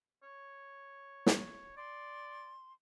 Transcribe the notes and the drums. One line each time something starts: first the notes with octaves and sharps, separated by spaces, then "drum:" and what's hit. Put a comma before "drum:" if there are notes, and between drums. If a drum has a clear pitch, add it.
C#5
drum: snare
D5 C6